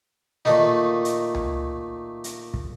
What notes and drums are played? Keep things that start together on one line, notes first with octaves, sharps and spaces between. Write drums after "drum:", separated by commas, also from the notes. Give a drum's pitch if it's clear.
A#2 D#3 A3 D#4, drum: snare
drum: hi-hat
drum: tom C#2
drum: hi-hat
drum: kick